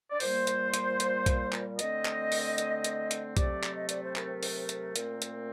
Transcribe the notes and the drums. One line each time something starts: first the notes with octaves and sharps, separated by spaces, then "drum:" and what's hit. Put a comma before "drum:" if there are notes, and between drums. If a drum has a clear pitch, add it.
D5
A#2 G3 A#3 C5, drum: open hi-hat
drum: hi-hat
drum: hi-hat
drum: hi-hat
drum: kick B1, hi-hat
drum: clap
D3 A3 C4 D#5, drum: hi-hat
drum: clap
drum: open hi-hat
drum: hi-hat
drum: hi-hat
drum: hi-hat
C3 F#3 A3 C4 D5, drum: kick B1, hi-hat
drum: clap
D#5
D5, drum: hi-hat
C5
A#4, drum: clap
drum: open hi-hat
drum: hi-hat
A#2 A3 C4, drum: hi-hat
drum: hi-hat